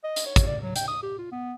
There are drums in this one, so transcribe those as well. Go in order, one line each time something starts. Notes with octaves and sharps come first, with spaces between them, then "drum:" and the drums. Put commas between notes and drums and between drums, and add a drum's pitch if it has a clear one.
D#5
drum: hi-hat
C#5
drum: kick, hi-hat
D5
F#3
G5, drum: hi-hat
D#6
G4
F4
B3